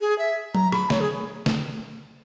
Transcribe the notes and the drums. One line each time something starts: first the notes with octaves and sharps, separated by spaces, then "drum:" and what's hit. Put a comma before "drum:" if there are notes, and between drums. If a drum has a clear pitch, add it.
G#4
E5
A#5, drum: tom F#3
B5, drum: rim click
C#5, drum: snare
G#4
drum: snare